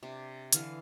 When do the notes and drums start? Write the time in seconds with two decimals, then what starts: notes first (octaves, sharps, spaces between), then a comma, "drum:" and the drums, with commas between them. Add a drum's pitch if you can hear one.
0.03 C3 D4
0.53 D3 E3 F5, drum: hi-hat